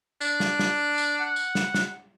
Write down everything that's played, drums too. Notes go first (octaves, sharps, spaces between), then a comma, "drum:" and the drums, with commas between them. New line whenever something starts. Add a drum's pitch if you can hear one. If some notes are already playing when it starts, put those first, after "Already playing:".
D4, drum: tambourine
drum: snare
drum: snare
drum: tambourine
F#5
drum: tambourine
drum: snare
drum: snare